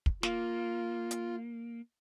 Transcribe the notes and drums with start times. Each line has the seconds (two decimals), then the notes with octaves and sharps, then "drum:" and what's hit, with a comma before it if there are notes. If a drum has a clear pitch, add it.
0.06 drum: kick
0.23 A#3 F4, drum: snare
1.11 drum: hi-hat